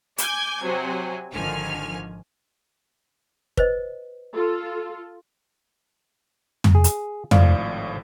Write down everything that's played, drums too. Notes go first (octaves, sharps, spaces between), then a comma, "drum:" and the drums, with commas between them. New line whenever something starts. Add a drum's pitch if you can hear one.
G#5 D6 G6 G#6, drum: hi-hat
C3 F#3 G#5
G#1 D3 D#3 F3 G#5 F6
B4 C5 D#5, drum: kick
F4 A4
drum: tom
G#4
drum: hi-hat
G#1 A2 F3 D5 F5, drum: tom